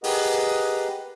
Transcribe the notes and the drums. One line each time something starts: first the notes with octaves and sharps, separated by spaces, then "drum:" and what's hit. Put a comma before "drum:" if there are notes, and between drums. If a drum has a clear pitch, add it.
G4 G#4 A#4 B4 D#5 F#5, drum: open hi-hat